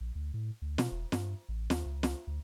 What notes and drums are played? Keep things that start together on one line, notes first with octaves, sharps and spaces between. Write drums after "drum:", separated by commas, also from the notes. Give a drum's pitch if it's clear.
A#1
D2
A2
D2
B2, drum: snare
E1
G2, drum: snare
A1
D#2, drum: snare
C#2
drum: snare
D2